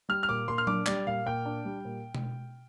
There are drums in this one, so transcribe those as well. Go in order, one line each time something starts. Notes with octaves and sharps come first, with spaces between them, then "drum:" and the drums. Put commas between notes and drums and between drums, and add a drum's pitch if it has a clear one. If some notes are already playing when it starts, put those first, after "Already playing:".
G3 F6
F6
A#2 D6
A#2 C6
F6
D4 D6, drum: tom F#3
G3 D5, drum: clap
A#2 F5
A#2 G5
D4
G3
A#2
drum: tom B2